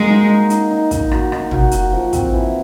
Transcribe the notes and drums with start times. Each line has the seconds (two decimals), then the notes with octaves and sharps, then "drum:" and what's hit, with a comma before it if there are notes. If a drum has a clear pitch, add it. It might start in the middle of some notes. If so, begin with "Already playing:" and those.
Already playing: G#3 A#3 F#4
0.10 D#4
0.29 D#4
0.50 D#4, drum: hi-hat
0.71 D#4
0.91 D#4, drum: kick, hi-hat
1.11 F#4, drum: rim click
1.32 D#4, drum: rim click
1.51 F#4, drum: tom
1.71 F#4, drum: hi-hat
1.93 F3
2.13 C4, drum: kick, hi-hat
2.33 E3